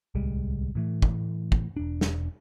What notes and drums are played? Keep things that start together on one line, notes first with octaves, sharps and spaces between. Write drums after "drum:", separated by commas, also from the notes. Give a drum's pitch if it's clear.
D1 C2 G3 G#3
A2 E3 A3
drum: kick
drum: kick
E1 D4
drum: snare